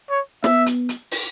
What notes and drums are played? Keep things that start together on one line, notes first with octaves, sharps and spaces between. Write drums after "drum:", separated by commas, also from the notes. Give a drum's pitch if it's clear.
C#5
B3 E5, drum: snare
drum: hi-hat
drum: hi-hat
drum: open hi-hat